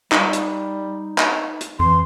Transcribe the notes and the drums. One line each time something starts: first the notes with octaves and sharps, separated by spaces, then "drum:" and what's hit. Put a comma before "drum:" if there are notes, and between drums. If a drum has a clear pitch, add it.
G3 D#4, drum: clap
drum: hi-hat
drum: clap
drum: hi-hat
F2 E3 C6